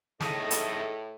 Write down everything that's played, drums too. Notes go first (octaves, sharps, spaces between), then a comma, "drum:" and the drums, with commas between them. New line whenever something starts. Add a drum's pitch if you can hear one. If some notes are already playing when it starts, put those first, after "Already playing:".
A2 D#3 A3 G#4 A4 D#5, drum: snare
drum: hi-hat